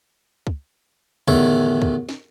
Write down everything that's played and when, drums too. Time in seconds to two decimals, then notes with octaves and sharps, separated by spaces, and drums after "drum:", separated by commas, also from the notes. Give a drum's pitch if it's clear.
0.47 drum: kick
1.28 A1 E2 D3 D#3 C#5 E5, drum: kick
1.82 drum: kick
2.09 drum: snare